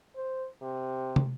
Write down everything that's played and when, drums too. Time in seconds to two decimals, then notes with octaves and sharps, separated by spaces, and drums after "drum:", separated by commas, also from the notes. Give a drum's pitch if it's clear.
0.16 C5
0.62 C3
1.16 drum: tom